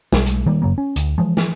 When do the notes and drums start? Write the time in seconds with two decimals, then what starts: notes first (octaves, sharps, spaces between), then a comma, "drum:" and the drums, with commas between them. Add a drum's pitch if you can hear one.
0.13 B1 G3, drum: snare
0.26 drum: hi-hat
0.46 D#3 G3 A#3
0.62 F#2 C#3 F#3 A#3
0.78 C#4
0.96 D2, drum: hi-hat
1.18 E3 F3 G#3
1.37 drum: snare